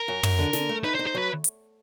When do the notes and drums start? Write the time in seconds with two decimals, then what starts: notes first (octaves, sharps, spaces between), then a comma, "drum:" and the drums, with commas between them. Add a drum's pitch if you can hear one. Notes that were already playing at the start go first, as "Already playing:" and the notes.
Already playing: A#4
0.08 F#2
0.23 F#2, drum: tom
0.39 D3
0.53 D3, drum: snare
0.69 A3
0.84 D#4 B4
0.95 C5
0.99 D#4
1.07 C5
1.15 F#3 B4
1.44 drum: hi-hat